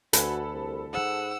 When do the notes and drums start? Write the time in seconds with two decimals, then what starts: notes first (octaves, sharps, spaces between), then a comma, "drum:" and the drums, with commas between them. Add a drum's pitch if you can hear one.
0.13 D2 F#4 A4 B4 G#5 B5, drum: hi-hat
0.53 C2
0.93 G#2 F#5 E6